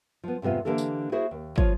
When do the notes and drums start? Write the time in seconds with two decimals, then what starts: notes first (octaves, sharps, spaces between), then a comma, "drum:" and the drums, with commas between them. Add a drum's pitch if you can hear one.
0.24 F3 B3
0.42 F2 G#2 C3 B3 F4
0.65 D3 E3 A#3 G4 A4
0.78 drum: tambourine
1.12 E4 F#4 G#4 C5
1.31 D#2
1.58 F3 F4 C#5, drum: kick